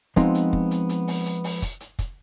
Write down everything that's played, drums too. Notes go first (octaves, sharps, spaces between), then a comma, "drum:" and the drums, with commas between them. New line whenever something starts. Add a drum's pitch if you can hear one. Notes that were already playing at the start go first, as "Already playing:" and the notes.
F3 G#3 B3 C4 D#4, drum: kick, hi-hat
drum: hi-hat
drum: kick
drum: hi-hat
drum: hi-hat
drum: open hi-hat
drum: hi-hat
drum: open hi-hat
drum: kick, hi-hat
drum: hi-hat
drum: kick, hi-hat